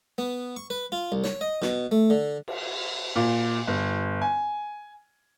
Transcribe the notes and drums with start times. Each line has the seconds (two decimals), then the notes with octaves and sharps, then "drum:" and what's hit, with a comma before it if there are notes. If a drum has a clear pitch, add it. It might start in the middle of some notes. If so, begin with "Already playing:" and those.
0.18 B3
0.56 C#6
0.70 B4
0.92 F4
1.12 C2
1.24 C#5, drum: snare
1.41 D#5
1.62 B2, drum: snare
1.92 A3
2.10 D3
2.48 drum: cymbal
3.16 A#2
3.67 G1
4.22 G#5